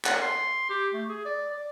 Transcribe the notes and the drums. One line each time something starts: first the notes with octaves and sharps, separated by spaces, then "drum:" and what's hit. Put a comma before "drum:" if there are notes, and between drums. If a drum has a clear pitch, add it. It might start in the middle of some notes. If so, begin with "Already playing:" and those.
F#5, drum: clap
C6
G4
A3
G#4
D5
D5